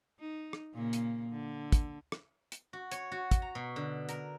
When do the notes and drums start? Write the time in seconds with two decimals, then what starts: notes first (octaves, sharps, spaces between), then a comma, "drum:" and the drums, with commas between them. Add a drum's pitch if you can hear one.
0.20 D#4
0.53 drum: rim click
0.74 A#2 C#3 A#3
0.93 drum: hi-hat
1.29 D3
1.72 drum: kick, hi-hat
2.12 drum: rim click
2.52 drum: hi-hat
2.73 F#4
2.92 C#5, drum: hi-hat
3.12 F#4
3.31 drum: kick, hi-hat
3.42 A#5
3.55 B2
3.76 D3
4.09 A#4, drum: hi-hat